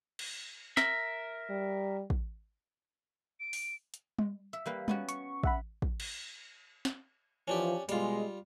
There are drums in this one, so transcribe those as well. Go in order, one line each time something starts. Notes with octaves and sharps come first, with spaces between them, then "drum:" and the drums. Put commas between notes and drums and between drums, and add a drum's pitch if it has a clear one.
drum: cymbal
A#4 E5, drum: snare
G3
drum: kick
D7
drum: open hi-hat
drum: hi-hat
drum: tom G3
E5
G3 A#3 B4
B3 C#4 F#4, drum: tom G3
C#6, drum: hi-hat
E5 F#5 B5, drum: kick
drum: kick
drum: cymbal
drum: snare
E3 F3 C#4 D4 G4
B2 G3 G#3 F4, drum: hi-hat